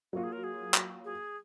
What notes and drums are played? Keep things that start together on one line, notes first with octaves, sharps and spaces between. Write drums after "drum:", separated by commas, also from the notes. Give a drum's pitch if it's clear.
F#3 A#3 F4 F#4
G#4
A#4
G#4
drum: clap
G#4